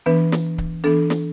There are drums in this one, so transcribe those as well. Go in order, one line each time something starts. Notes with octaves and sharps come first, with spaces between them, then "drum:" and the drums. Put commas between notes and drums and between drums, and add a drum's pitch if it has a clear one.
E3 B3 D4 B4
drum: snare
drum: kick C#1
E3 B3 D4 A4
drum: snare